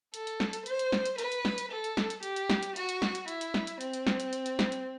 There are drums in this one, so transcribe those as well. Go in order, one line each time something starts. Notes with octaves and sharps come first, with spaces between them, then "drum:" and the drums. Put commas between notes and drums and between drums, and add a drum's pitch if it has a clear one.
A4, drum: hi-hat
drum: hi-hat
drum: snare
drum: hi-hat
C5, drum: hi-hat
drum: hi-hat
drum: snare
drum: hi-hat
B4, drum: hi-hat
drum: hi-hat
drum: snare
drum: hi-hat
A4
drum: hi-hat
drum: snare
drum: hi-hat
G4, drum: hi-hat
drum: hi-hat
drum: snare
drum: hi-hat
F#4, drum: hi-hat
drum: hi-hat
drum: snare
drum: hi-hat
E4, drum: hi-hat
drum: hi-hat
drum: snare
drum: hi-hat
C4, drum: hi-hat
drum: hi-hat
drum: snare
drum: hi-hat
drum: hi-hat
drum: hi-hat
drum: snare
drum: hi-hat